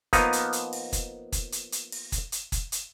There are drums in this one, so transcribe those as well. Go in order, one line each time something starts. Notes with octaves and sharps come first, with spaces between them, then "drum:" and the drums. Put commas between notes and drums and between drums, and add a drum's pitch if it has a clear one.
F3 A#3 B3 D#4, drum: kick, hi-hat
drum: hi-hat
drum: hi-hat
drum: open hi-hat
drum: kick, hi-hat
drum: kick, hi-hat
drum: hi-hat
drum: hi-hat
drum: open hi-hat
drum: kick, hi-hat
drum: hi-hat
drum: kick, hi-hat
drum: hi-hat